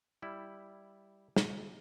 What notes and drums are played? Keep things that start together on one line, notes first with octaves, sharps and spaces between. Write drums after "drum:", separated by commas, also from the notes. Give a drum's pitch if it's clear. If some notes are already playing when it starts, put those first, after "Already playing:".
G3 E4
drum: snare